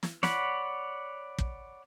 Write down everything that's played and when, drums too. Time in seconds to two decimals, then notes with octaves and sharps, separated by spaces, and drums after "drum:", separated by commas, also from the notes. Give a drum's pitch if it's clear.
0.03 drum: snare
0.23 C#5 D5 F#5 B5, drum: snare
1.38 drum: kick